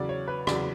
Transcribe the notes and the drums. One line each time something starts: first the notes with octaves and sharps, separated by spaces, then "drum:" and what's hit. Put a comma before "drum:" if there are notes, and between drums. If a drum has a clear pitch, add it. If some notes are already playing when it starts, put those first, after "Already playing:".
Already playing: E2 C#3 F#3 D5
C#5
B4
E2 C#3 F#3 D5, drum: rim click